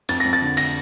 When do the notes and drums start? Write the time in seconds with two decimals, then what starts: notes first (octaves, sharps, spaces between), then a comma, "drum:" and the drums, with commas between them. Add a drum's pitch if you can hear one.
0.09 F2 A6, drum: cymbal
0.20 A#6
0.25 F2
0.33 A6
0.42 D3
0.57 A#6, drum: cymbal